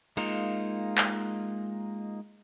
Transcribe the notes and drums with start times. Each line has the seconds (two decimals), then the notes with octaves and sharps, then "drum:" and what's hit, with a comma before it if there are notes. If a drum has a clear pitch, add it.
0.17 G#3 A#3 D#4 F4, drum: cymbal
0.98 drum: clap